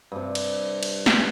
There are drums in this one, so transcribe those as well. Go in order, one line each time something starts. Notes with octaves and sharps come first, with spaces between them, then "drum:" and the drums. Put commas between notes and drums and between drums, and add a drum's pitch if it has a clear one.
G2 C3
drum: cymbal
drum: cymbal
drum: snare